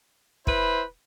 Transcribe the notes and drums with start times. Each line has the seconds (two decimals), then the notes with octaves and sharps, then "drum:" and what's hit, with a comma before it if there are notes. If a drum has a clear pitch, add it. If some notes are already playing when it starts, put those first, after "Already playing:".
0.47 E4 B4 C5, drum: kick